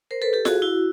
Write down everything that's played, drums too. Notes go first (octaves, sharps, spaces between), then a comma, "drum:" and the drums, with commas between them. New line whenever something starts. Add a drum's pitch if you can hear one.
A#4 C5
A4 B4
G4 A4
F#4 G#4, drum: snare F4
E4 F#4